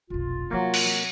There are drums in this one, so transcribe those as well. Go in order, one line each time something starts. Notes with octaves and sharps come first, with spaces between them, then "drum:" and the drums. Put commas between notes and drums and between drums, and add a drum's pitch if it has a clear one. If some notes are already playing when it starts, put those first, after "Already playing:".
F1 B1 F4
C3 F#3 A#3 C4
drum: cymbal